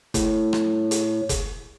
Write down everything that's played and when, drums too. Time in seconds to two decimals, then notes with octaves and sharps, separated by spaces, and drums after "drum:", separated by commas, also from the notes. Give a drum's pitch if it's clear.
0.14 A2, drum: kick F#1, hi-hat
0.53 drum: rim click
0.91 drum: hi-hat
1.29 drum: kick F#1, hi-hat